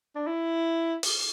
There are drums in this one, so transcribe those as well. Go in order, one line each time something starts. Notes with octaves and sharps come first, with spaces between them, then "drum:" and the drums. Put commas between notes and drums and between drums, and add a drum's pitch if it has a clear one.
D4
E4
drum: open hi-hat